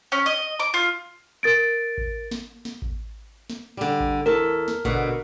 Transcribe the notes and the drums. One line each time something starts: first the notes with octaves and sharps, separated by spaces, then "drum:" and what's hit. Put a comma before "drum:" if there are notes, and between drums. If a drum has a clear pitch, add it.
C#4
D#5
D6
F4
A#4 A6 D7
drum: kick G#1
drum: snare
drum: snare
drum: kick G#1
drum: snare
D3 G3
drum: kick G#1
E2 A4 A#4
drum: snare
B2 D3, drum: kick G#1